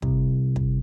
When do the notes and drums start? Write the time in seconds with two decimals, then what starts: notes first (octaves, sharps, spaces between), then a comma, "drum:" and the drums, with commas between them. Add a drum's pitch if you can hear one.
0.02 C2, drum: kick
0.56 drum: kick